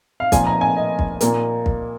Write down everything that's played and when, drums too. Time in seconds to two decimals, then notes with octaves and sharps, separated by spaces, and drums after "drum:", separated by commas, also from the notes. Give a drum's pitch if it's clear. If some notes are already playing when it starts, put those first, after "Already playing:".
0.20 F5
0.32 A#2 F3 A#3 G#5, drum: kick, hi-hat
0.47 A#5
0.61 G#5
0.77 D#5
0.99 drum: kick
1.21 A#2 A#3, drum: hi-hat
1.66 drum: kick